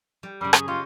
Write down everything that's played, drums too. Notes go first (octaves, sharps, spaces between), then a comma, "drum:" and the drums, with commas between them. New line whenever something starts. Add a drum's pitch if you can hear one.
G3
F#2 C#3 G3
G#4, drum: rim click
F4 G4 C#5 D#5